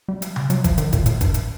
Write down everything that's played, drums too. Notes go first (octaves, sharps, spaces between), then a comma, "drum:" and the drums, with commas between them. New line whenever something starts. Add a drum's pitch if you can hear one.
G3
drum: hi-hat
drum: tom C3
F#3, drum: hi-hat
F3, drum: kick, hi-hat
D#3, drum: hi-hat
A#2, drum: kick, hi-hat
A2, drum: hi-hat
G2, drum: kick, hi-hat
drum: hi-hat